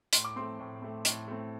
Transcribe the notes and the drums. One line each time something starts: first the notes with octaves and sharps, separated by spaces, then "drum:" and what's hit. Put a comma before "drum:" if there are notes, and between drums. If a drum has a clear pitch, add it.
A2 C6, drum: hi-hat
D6
A3 C4 C6
A2
A3 C4
A2, drum: hi-hat
A3 C4